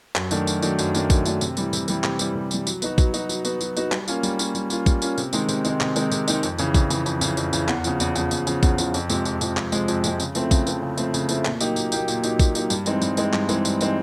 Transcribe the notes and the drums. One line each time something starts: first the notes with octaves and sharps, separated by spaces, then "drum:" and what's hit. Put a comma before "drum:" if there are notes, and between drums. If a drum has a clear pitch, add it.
F#2, drum: clap
D#3 F#3 A3 D4, drum: tambourine
F#2, drum: tambourine
D#3 F#3 A3 D4, drum: tambourine
F#2, drum: tambourine
D#3 F#3 A3 D4, drum: tambourine
F#2, drum: kick A1, tambourine
D#3 F#3 A3 D4, drum: tambourine
C3, drum: tambourine
E3 G3, drum: tambourine
C3, drum: tambourine
E3 G3, drum: tambourine
C3, drum: clap
E3 G3, drum: tambourine
C3
E3 G3, drum: tambourine
F#3, drum: tambourine
B3 D#4 F#4, drum: tambourine
F#3, drum: kick A1, tambourine
B3 D#4 F#4, drum: tambourine
F#3, drum: tambourine
B3 D#4 F#4, drum: tambourine
F#3, drum: tambourine
B3 D#4 F#4, drum: tambourine
G3, drum: clap
A#3 C#4 F4, drum: tambourine
G3, drum: tambourine
A#3 C#4 F4, drum: tambourine
G3, drum: tambourine
A#3 C#4 F4, drum: tambourine
G3, drum: kick A1, tambourine
A#3 C#4 F4, drum: tambourine
C3, drum: tambourine
D#3 G#3 C4 D#4, drum: tambourine
C3, drum: tambourine
D#3 G#3 C4 D#4, drum: tambourine
C3, drum: clap
D#3 G#3 C4 D#4, drum: tambourine
C3, drum: tambourine
D#3 G#3 C4 D#4, drum: tambourine
F2, drum: tambourine
C#3 E3, drum: tambourine
F2, drum: kick A1, tambourine
C#3 E3, drum: tambourine
F2, drum: tambourine
C#3 E3, drum: tambourine
F2, drum: tambourine
C#3 E3, drum: tambourine
E2, drum: clap
C#3 F3, drum: tambourine
E2, drum: tambourine
C#3 F3, drum: tambourine
E2, drum: tambourine
C#3 F3, drum: tambourine
E2, drum: kick A1, tambourine
C#3 F3, drum: tambourine
F2, drum: tambourine
C3 F3 G#3, drum: tambourine
F2, drum: tambourine
C3 F3 G#3, drum: tambourine
F2, drum: clap
C3 F3 G#3, drum: tambourine
F2, drum: tambourine
C3 F3 G#3, drum: tambourine
C#3, drum: tambourine
F3 A3 C4 E4, drum: tambourine
C#3, drum: kick A1, tambourine
F3 A3 C4 E4, drum: tambourine
C#3
F3 A3 C4 E4, drum: tambourine
C#3, drum: tambourine
F3 A3 C4 E4, drum: tambourine
A#2, drum: clap
F#3 A#3 D#4 G4, drum: tambourine
A#2, drum: tambourine
F#3 A#3 D#4 G4, drum: tambourine
A#2, drum: tambourine
F#3 A#3 D#4 G4, drum: tambourine
A#2, drum: kick A1, tambourine
F#3 A#3 D#4 G4, drum: tambourine
G2, drum: tambourine
E3 G#3 C4 D#4, drum: tambourine
G2, drum: tambourine
E3 G#3 C4 D#4, drum: tambourine
G2, drum: clap
E3 G#3 C4 D#4, drum: tambourine
G2, drum: tambourine
E3 G#3 C4 D#4, drum: tambourine